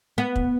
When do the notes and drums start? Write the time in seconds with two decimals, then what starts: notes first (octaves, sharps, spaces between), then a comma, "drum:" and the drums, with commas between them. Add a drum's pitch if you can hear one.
0.18 B3
0.36 drum: kick